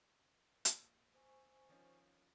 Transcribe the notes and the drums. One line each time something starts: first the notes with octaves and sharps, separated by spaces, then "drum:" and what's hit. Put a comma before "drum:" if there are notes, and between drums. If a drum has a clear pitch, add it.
A#1, drum: hi-hat
C5 G#5 C#6
D#3 F3 C#4